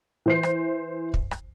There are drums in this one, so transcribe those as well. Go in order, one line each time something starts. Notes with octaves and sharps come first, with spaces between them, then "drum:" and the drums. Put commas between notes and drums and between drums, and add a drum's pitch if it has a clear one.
E3 C5 C7
drum: rim click
drum: kick
drum: rim click